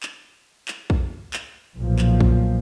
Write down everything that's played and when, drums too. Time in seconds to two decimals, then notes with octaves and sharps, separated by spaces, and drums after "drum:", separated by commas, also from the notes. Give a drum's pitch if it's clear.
0.03 drum: clap
0.68 drum: clap
0.90 drum: kick
1.33 drum: clap
1.77 B1 A#2 F3
1.99 drum: clap
2.20 drum: kick